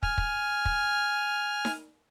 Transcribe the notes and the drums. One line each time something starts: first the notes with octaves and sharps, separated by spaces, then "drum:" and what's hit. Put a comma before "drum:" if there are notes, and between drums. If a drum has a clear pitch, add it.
G#5 F6, drum: kick
drum: kick
drum: kick
drum: snare D#4